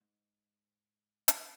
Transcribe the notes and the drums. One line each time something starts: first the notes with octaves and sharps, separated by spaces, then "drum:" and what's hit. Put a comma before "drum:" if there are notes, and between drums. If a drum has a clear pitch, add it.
G#2
drum: hi-hat